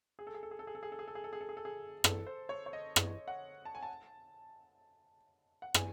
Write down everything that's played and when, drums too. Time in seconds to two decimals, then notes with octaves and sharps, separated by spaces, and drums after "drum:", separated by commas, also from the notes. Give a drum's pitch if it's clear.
0.19 G#4
0.27 A4
0.34 G#4
0.43 A4
0.51 G#4
0.59 A4
0.67 G#4
0.75 A4
0.83 G#4
0.92 A4
0.99 G#4
1.08 A4
1.15 G#4
1.24 A4
1.33 G#4
1.41 A4
1.49 G#4
1.57 A4
1.65 G#4
2.04 A4, drum: rim click
2.27 C5
2.49 C#5
2.66 C#5
2.73 D#5
2.96 drum: rim click
3.28 F#5
3.65 A5
3.75 G#5
3.83 A5
5.62 F#5
5.74 G#5, drum: rim click